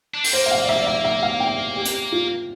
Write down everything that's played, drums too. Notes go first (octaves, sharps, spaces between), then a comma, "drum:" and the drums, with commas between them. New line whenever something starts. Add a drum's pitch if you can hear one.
D4
C4, drum: open hi-hat
A#3 C5
E5
F5
D5
E5
D5
E5
E5
F5
G5
G4
drum: hi-hat
F4